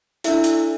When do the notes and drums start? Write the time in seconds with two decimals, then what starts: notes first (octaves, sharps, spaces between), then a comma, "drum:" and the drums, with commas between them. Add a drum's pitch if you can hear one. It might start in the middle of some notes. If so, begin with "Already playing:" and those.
0.24 D4 E4 A4 E5, drum: hi-hat
0.44 drum: hi-hat